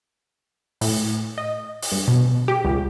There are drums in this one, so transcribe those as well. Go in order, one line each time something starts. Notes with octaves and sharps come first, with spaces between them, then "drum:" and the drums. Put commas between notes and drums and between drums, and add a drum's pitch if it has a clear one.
A2, drum: open hi-hat
D#5
drum: open hi-hat
G2
B2
G4
C#2